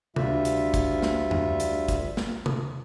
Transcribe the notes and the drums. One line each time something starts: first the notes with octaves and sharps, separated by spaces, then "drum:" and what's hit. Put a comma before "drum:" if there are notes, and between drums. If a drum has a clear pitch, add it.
D2 D3 G3 F4 E5, drum: tom C3
drum: hi-hat
drum: kick, hi-hat
drum: snare
drum: tom F2
drum: hi-hat
drum: kick, hi-hat
drum: snare
drum: tom C3